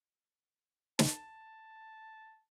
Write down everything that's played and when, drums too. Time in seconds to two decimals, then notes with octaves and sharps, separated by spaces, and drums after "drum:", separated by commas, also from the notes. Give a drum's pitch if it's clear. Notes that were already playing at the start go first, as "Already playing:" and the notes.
0.99 A5, drum: snare